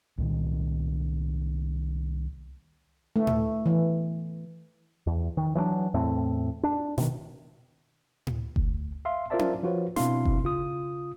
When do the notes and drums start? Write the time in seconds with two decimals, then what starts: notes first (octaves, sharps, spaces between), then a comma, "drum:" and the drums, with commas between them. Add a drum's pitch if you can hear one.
0.18 C2 A#2 D#3
3.16 A3
3.27 drum: tom A2
3.66 E3
5.07 E2
5.37 D#3
5.55 E3 F#3 A#3 D4
5.94 E2 A2 A3 C4
6.63 D4
6.98 B2 D#3, drum: snare
8.27 drum: tom A2
8.56 D2, drum: kick F#1
9.05 E5 F5 C6
9.30 F4 A#4 C5 D5 E5 A5
9.39 drum: tom C#4
9.63 F3 F4 F#4 B4 C#5
9.96 B2 C4 D4 E4 F5 C6, drum: snare
10.25 drum: kick F#1
10.44 C#3 F4 D#6